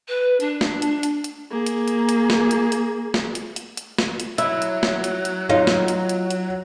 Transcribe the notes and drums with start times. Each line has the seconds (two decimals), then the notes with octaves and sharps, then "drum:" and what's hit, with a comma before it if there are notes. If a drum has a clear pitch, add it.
0.08 B4
0.40 D4, drum: hi-hat
0.61 drum: snare
0.82 drum: hi-hat
1.03 drum: hi-hat
1.24 drum: hi-hat
1.51 A#3 G#4
1.66 drum: hi-hat
1.88 drum: hi-hat
2.09 drum: hi-hat
2.30 drum: snare
2.51 drum: hi-hat
2.72 drum: hi-hat
3.14 drum: snare
3.35 drum: hi-hat
3.56 drum: hi-hat
3.77 drum: hi-hat
3.98 drum: snare
4.20 drum: hi-hat
4.38 F#3 E4, drum: hi-hat
4.62 drum: hi-hat
4.83 drum: snare
5.04 drum: hi-hat
5.25 drum: hi-hat
5.49 D#4 F4 C#5
5.67 drum: snare
5.88 drum: hi-hat
6.09 drum: hi-hat
6.30 drum: hi-hat